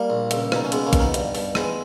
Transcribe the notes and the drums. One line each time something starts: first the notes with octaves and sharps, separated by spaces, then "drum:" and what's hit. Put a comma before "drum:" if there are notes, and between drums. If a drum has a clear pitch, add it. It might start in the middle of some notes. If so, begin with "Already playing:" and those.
Already playing: G3 A#3
A#1
C#2, drum: hi-hat
B2 D#4, drum: rim click
C#4
C#2 G#3 B3, drum: hi-hat
A#3 C#4
B2, drum: kick A#1, hi-hat
B3 D#4
G2, drum: hi-hat
G2, drum: open hi-hat
E3 G#3 B3, drum: rim click